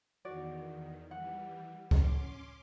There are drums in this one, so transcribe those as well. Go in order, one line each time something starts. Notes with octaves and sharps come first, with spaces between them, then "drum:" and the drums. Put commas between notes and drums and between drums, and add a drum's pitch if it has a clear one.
E2 D#3 F#4 D5
E3 G3 F#5
C#4 C6 D6, drum: kick C#2